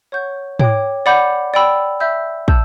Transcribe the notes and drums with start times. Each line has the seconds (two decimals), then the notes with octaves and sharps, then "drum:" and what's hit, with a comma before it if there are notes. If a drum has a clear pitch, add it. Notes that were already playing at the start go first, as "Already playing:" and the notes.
0.12 C#5 F#5 C#6 G6
0.59 C#5 G5 D6, drum: tom
1.06 D5 F#5 B5 D6 G6
1.54 D5 G5 B5 E6
2.00 E5 B5 E6 G6
2.48 A5 E6 G6, drum: kick